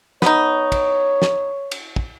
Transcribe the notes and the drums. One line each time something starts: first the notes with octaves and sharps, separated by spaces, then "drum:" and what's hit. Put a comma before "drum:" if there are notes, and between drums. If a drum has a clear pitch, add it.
B3 D#4 C#5, drum: snare
drum: kick, cymbal
drum: snare
drum: cymbal
drum: kick